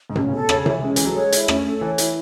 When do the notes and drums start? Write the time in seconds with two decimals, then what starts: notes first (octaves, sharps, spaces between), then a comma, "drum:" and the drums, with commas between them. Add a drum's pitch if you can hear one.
0.10 G#2
0.16 A2 C#4, drum: tom C3
0.28 C#3
0.32 B2 A4
0.49 C#3 C#5, drum: rim click
0.66 E3 E4, drum: tom C3
0.82 G#3 C#4
0.96 E3 A4, drum: hi-hat
1.05 F#3
1.15 G#3 C#5
1.32 E4, drum: hi-hat
1.48 A3 C#4, drum: rim click
1.66 A4
1.81 E3 C#5
1.98 E4, drum: hi-hat